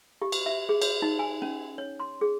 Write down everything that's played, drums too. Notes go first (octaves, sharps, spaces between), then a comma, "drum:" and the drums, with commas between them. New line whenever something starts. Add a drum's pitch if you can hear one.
G4
drum: cymbal
E5
G#4
C#5, drum: cymbal
D#4
G#5
C#4
C#5
C6
G#4